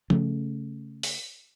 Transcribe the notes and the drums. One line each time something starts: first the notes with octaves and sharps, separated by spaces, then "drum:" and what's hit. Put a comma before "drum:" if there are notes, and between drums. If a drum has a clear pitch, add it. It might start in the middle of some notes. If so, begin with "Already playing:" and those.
C#3 A3, drum: tom
drum: open hi-hat